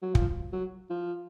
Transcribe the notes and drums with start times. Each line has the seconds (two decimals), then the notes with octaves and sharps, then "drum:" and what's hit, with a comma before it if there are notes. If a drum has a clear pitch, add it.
0.03 F#3
0.15 F3, drum: kick
0.53 F#3
0.90 F3